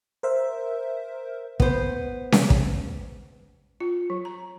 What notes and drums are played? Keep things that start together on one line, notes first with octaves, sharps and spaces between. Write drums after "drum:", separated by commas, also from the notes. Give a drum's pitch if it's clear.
A#4 C5 E5
B3 C5, drum: kick
drum: snare C#4
drum: kick
F4
F#3
A#5